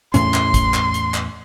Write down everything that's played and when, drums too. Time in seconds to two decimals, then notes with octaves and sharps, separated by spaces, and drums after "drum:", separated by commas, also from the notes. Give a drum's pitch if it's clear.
0.14 E2 A2 C#4 C6, drum: hi-hat
0.34 drum: clap
0.54 drum: kick, hi-hat
0.74 drum: clap
0.94 drum: hi-hat
1.14 drum: clap